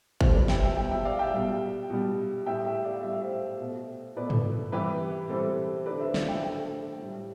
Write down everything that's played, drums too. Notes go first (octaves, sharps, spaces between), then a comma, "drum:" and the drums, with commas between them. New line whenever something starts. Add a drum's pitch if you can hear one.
B2 G3 A4 C5, drum: kick
B4 D5
E5 G5, drum: snare
E5 G5
B2 G3 E5 G5
E5 G5
D5 F5
E5 G5
B2 G3
B2 G3
A2 G3 E5 G5
E5 G5
D5 F5
A2 G3 E5
F5
C5 E5
B2 A3
B2 A3 B4 D5
drum: tom
C3 E3 G3 G4 B4
C3 E3 G3 A4 C5
D3 A3 B4 D5
C5 E5
D5 F5, drum: snare
E5 G5
D3 A3 E5 G5
A2 G3